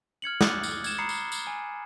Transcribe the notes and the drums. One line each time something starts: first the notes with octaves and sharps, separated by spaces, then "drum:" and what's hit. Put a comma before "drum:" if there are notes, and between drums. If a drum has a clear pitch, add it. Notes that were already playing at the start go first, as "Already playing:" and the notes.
F6 G#6 C#7 F#7
D6 D#6 F#6 A6 C#7, drum: snare
drum: tambourine
G#6 E7, drum: tambourine
A#5 B5 D#6 C7 C#7
drum: tambourine
drum: tambourine
G#5